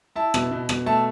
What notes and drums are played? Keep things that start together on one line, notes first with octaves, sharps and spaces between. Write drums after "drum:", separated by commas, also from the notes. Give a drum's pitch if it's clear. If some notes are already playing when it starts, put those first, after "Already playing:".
E4 A5
B2, drum: rim click
B2
B2, drum: rim click
A3 A5